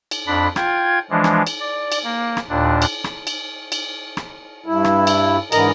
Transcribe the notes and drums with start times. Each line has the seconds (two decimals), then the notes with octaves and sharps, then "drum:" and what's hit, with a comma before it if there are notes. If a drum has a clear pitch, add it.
0.11 drum: cymbal
0.27 F2 D4 B5
0.56 F4 G5 G#6, drum: rim click
1.10 E3 F3 G#3 D4
1.24 drum: rim click
1.47 drum: cymbal
1.60 D5
1.92 drum: cymbal
2.04 A#3
2.37 drum: rim click
2.49 D#2 A#2 D4
2.82 drum: cymbal
3.04 drum: rim click
3.27 drum: cymbal
3.72 drum: cymbal
4.17 drum: rim click
4.66 G2 E4
4.84 drum: rim click
5.07 drum: cymbal
5.52 G#2 D3 E3 A#4 D#5 A#5, drum: cymbal